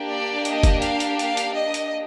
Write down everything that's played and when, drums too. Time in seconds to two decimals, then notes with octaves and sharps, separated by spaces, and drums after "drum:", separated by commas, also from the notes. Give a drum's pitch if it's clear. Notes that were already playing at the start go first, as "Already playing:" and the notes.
Already playing: A#3 D4 G4
0.08 D5
0.45 D#5, drum: hi-hat
0.63 drum: kick, hi-hat
0.82 F5, drum: hi-hat
1.00 drum: hi-hat
1.19 F5, drum: hi-hat
1.37 drum: hi-hat
1.56 D#5
1.74 drum: hi-hat